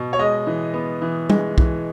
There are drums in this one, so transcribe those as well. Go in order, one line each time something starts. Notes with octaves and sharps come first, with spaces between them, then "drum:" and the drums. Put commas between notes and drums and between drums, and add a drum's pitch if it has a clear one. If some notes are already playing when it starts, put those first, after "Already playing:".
Already playing: B2
C#5
G#3 D#5
E3
B3
E3
G#3, drum: tom
E3, drum: kick B1